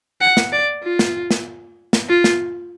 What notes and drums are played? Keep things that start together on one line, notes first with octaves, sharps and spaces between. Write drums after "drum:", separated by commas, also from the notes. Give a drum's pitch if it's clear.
F#5
drum: snare
D5
F4
drum: snare
drum: snare
drum: snare
F4
drum: snare